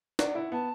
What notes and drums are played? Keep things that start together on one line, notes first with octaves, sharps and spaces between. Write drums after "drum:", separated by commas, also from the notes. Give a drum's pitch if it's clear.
D4 F#5, drum: snare
E4
B3 A5